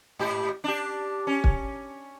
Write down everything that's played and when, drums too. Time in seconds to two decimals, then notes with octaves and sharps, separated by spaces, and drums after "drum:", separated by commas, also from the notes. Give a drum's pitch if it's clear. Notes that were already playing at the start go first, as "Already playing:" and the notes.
0.19 G#2 G4
0.64 D4 G4
1.27 C#4
1.44 drum: kick